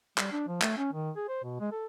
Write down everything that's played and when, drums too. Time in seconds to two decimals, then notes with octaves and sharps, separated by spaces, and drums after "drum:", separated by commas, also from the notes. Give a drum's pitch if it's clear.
0.18 G3, drum: clap
0.32 D4
0.48 F3
0.62 A3, drum: clap
0.78 C#4
0.93 D#3
1.16 G#4
1.28 C5
1.44 B2
1.60 G#3
1.72 A4